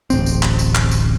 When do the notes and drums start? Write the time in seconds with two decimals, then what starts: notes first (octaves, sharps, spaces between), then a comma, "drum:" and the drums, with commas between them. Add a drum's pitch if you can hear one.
0.10 D1 A1 C4, drum: tambourine
0.26 drum: tambourine
0.43 drum: clap
0.59 drum: tambourine
0.75 drum: clap
0.91 drum: tambourine